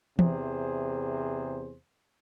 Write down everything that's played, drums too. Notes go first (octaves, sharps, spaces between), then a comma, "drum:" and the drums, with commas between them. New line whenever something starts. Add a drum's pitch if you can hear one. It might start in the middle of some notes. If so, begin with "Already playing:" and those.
E2 C3 G#4 C5, drum: tom E3